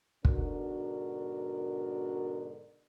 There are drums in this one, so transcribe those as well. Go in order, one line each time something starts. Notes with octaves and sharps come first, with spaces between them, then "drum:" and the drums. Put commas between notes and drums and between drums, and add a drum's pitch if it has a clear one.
G#2 B2 D3 D4 F#4 A#4, drum: kick